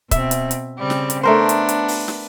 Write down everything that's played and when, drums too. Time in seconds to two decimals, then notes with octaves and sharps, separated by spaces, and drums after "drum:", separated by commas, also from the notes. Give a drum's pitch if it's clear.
0.11 B2 C4 E5, drum: kick, hi-hat
0.31 drum: hi-hat
0.51 drum: hi-hat
0.78 C#3 G3 C4
0.90 drum: snare
1.10 drum: hi-hat
1.23 A3 B3 D4 A#4 C5
1.49 drum: hi-hat
1.69 drum: hi-hat
1.88 drum: open hi-hat
2.08 drum: snare